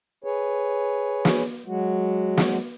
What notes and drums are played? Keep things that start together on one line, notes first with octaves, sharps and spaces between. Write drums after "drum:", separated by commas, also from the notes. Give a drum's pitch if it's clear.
G#4 B4 C#5
drum: snare
F#3 G#3 F#4
drum: snare